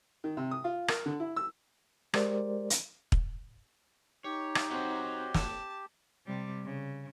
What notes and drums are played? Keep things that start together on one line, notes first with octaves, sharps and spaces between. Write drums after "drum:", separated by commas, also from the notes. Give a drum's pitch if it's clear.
D#3
C3
D#6
F4
A#4, drum: rim click
D3
E4
E6
G#3 G4 A#4 C5 D5, drum: rim click
drum: hi-hat
drum: kick
D#4 G4 C#5
drum: rim click
C4 F#4 C#5 D#5
A5, drum: snare
C3 G3
C#3